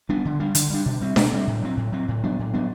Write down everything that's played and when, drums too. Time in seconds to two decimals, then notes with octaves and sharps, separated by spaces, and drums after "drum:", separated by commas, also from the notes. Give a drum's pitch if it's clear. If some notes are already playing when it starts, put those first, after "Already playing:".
0.09 G3 B3 D4
0.25 D3
0.40 G3 D4
0.55 D3, drum: hi-hat
0.70 G3 D4
0.86 B2
1.01 G3 C4
1.16 B2, drum: snare D4
1.31 G3 C4
1.47 A2
1.62 F#3 C4
1.77 A2
1.92 F#3 C4
2.08 A2
2.24 F#3 B3 D4
2.39 A2
2.53 F#3 B3 D4